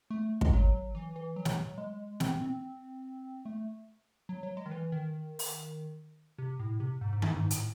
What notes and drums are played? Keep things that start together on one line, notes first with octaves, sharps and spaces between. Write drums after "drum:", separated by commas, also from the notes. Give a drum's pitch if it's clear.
A3
G#3, drum: kick
F#3
E3
E3
F#3
drum: snare
G#3
C4, drum: snare
C4
A3
F#3
F#3
G#3
D#3
E3
D#3
drum: open hi-hat
C3
A2
C3
G#2
G#2
F#2, drum: tom D#3
G#2
A2, drum: hi-hat